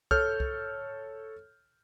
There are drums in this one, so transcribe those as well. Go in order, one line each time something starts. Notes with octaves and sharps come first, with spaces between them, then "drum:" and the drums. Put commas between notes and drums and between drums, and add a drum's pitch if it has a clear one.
A4 C#5 F6 G6, drum: kick C2
drum: kick C2